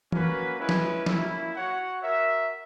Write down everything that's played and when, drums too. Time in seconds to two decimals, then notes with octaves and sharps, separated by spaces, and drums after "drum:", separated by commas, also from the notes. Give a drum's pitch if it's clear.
0.12 A#3 C#4 F#4 B4, drum: tom E3
0.59 G#3 C#4 E4 B4
0.69 drum: snare
1.06 A#3 C#4 E4, drum: snare
1.53 F#4 C#5 F#5
2.01 F#4 A#4 E5